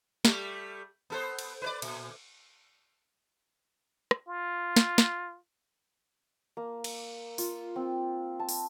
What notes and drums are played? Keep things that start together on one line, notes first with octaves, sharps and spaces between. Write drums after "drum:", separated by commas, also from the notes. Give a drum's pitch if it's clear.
G3 A3, drum: snare
B3 A4 C5
drum: cymbal
B4 C#5 D5
A#2, drum: cymbal
drum: rim click
F4
drum: snare
drum: snare
A#3
drum: cymbal
F4, drum: open hi-hat
C4
A5
drum: open hi-hat